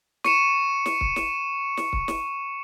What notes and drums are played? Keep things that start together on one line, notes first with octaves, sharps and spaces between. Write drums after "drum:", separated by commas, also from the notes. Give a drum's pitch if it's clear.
C#6 C#7 E7, drum: snare
drum: snare
drum: kick C#1
drum: snare
drum: snare
drum: kick C#1
drum: snare